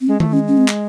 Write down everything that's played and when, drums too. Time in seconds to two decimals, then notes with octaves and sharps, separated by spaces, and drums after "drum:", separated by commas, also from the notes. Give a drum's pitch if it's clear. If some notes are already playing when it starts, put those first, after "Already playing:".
0.01 C4
0.07 G#3 C#4
0.20 A3, drum: tom D#3
0.32 G#3 C#4
0.48 C#4
0.57 C4
0.68 drum: clap